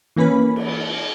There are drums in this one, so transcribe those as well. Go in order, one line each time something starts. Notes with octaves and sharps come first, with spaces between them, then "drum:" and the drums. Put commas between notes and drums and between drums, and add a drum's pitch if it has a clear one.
E3 A#3 C#4 B4 B5
drum: cymbal